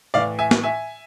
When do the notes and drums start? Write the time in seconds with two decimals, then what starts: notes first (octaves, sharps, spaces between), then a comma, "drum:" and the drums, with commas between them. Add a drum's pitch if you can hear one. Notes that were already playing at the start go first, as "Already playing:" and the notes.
0.14 A2 E3 D5 F5
0.39 E5 G#5
0.51 drum: snare
0.63 E5 G#5